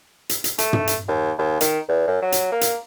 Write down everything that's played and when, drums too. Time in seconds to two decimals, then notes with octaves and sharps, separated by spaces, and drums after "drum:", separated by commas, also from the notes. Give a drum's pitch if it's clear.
0.29 drum: hi-hat
0.44 drum: hi-hat
0.58 A3, drum: hi-hat
0.73 drum: tom
0.87 drum: hi-hat
1.08 D#2
1.38 D#2
1.61 D#3, drum: hi-hat
1.89 E2
2.07 F#2
2.22 F#3
2.32 drum: hi-hat
2.52 A#3
2.61 drum: hi-hat